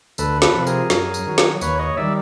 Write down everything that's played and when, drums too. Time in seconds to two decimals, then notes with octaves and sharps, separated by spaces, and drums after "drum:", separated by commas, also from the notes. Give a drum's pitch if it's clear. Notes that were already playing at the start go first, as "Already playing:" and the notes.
0.18 D2 A4 B4, drum: tambourine
0.42 A4 B4, drum: snare
0.54 C3 F3
0.67 G#4 A#4, drum: tambourine
0.90 F#2, drum: snare
1.14 drum: tambourine
1.26 D#3 F#3
1.38 drum: snare
1.61 D#2 B4 C#5, drum: tambourine
1.79 C#5 D#5
1.97 D#3 G3 D5 E5